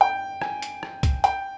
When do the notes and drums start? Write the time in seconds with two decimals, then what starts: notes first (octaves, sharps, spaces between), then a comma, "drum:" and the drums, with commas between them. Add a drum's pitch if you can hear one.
0.01 G5
0.42 G#5, drum: rim click
0.62 drum: hi-hat
0.83 drum: rim click
1.03 drum: kick, hi-hat
1.24 G5, drum: hi-hat